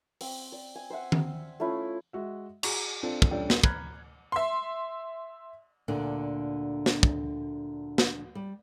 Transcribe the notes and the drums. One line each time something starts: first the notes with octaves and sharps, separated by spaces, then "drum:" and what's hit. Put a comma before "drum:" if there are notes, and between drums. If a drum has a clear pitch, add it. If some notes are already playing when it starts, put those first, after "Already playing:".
C4, drum: open hi-hat
D5
G#5
C5 E5 F#5
drum: tom D#3
A3 C#4 E4 F4
G#3 F#4 E5
F#4 G#4 A#5 C#6 D6, drum: cymbal
C4 D4 F4 A4
drum: kick
A#1 G3 C#4 D4 A4 G5
drum: snare
A#5 B5 F6 F#6 G#6, drum: kick
E5 C6
D2 A#2 D3 D4
drum: snare
drum: kick
drum: snare
G3